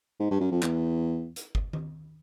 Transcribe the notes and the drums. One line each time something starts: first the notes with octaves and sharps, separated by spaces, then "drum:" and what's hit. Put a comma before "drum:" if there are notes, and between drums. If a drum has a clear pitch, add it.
G#2
G2
F#2
F2
E2, drum: clap
drum: hi-hat
drum: kick
drum: tom D#3